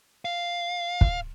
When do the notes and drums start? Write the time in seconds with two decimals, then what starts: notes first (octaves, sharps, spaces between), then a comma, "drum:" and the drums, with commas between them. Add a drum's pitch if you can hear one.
0.25 F5
1.01 drum: kick